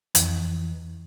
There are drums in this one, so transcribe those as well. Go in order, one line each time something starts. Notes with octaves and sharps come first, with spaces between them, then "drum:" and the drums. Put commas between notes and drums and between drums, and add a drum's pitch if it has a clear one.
F2 E3, drum: hi-hat